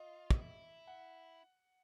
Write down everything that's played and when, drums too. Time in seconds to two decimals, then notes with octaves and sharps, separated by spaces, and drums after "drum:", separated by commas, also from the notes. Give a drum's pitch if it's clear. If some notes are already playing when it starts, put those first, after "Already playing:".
Already playing: F4 D#5
0.30 D#4, drum: kick
0.38 E4
0.87 F#5